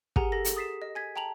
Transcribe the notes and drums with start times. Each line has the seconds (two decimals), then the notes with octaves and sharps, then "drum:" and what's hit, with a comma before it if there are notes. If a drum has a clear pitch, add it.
0.16 G4 G#4 A#4 F#5 G#5 A#5, drum: kick
0.32 G4 A4 A#4 A#6
0.45 drum: hi-hat
0.56 D#6 A6 B6 C7 E7
0.82 D#5
0.95 G#5 G#6 B6
1.16 G5 A5 A#5 F7 F#7